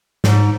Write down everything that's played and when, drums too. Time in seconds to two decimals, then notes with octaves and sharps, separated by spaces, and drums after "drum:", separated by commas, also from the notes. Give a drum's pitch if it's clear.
0.24 G#2, drum: snare